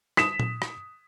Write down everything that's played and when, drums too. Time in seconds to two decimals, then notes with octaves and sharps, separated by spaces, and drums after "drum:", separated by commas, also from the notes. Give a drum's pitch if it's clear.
0.17 D#6 B6 E7, drum: rim click
0.40 drum: tom A#2
0.62 drum: rim click